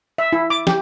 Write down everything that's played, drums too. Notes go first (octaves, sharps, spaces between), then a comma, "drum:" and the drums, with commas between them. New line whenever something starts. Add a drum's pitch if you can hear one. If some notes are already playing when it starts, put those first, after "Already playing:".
E5
E4
D6
G4, drum: snare